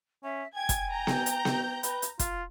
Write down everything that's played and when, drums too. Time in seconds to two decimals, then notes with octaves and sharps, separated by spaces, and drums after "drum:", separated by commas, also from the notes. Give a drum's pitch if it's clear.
0.24 C#4 E5
0.55 G5 G#5 G#6
0.69 drum: kick, hi-hat
0.92 A#5 G6
1.07 drum: snare B3
1.26 drum: hi-hat
1.45 drum: snare B3
1.83 B4, drum: hi-hat
2.02 drum: hi-hat
2.19 F4, drum: kick, hi-hat